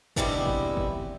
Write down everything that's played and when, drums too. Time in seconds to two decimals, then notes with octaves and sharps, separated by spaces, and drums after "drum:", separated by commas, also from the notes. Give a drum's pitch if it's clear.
0.16 G2 C3 G3 G#3 B3 E4, drum: kick G1
0.47 drum: kick G1
0.77 drum: kick G1